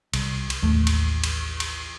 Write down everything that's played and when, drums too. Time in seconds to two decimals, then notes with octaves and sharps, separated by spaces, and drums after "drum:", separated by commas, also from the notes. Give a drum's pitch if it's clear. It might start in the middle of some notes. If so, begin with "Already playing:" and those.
0.14 C2, drum: cymbal
0.50 drum: cymbal
0.62 A1 D#2 A3
0.87 drum: cymbal
1.24 drum: cymbal
1.60 drum: cymbal